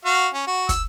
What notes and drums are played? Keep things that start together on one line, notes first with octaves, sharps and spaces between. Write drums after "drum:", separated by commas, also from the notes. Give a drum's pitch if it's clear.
F#4 F5
C#4
F#4
E6, drum: kick, hi-hat